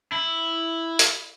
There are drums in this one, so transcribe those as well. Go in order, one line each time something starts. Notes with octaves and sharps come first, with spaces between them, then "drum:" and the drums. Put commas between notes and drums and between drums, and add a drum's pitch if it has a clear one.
E4
drum: hi-hat